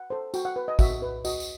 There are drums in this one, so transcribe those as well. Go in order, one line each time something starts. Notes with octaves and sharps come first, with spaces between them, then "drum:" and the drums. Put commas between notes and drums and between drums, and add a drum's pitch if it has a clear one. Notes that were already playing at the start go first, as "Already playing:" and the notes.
Already playing: F#5
A4 C5
F#4 G5, drum: tambourine
F#5
B4
D#5
F#4 E5, drum: kick, tambourine
B4
F#4 D#5, drum: tambourine
drum: tambourine